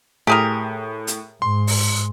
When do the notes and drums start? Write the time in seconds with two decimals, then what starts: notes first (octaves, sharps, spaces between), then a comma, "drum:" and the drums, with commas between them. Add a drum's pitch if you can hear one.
0.27 A2 G4 G#4 A#4
1.07 drum: hi-hat
1.42 G#2 C6
1.67 drum: open hi-hat